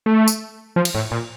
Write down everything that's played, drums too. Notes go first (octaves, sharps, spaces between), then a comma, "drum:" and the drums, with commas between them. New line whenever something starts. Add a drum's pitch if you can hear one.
A3
drum: tambourine
F3
drum: cymbal
A2
A#2